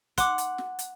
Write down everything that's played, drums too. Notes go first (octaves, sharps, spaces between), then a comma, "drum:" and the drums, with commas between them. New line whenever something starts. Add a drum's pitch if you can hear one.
F#5 C6 D6, drum: kick, hi-hat
drum: hi-hat
drum: snare
drum: hi-hat